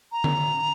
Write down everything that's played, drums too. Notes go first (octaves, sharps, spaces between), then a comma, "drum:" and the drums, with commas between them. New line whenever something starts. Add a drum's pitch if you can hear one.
A#5
drum: tom D3